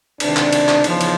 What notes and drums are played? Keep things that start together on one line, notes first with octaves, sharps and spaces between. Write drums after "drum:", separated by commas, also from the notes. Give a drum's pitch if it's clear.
C#2 C3 D#3 D4, drum: cymbal
drum: clap
drum: cymbal
drum: clap
E2 C#3 F3 D#4, drum: cymbal
drum: cymbal